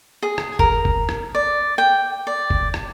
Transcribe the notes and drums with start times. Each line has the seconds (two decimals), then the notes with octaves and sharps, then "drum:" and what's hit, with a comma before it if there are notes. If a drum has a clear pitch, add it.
0.23 G#4
0.38 drum: rim click
0.59 A#4, drum: kick F#1
0.85 drum: kick F#1
1.09 drum: rim click
1.35 D5
1.78 G5
2.27 D5
2.50 drum: kick F#1
2.74 drum: rim click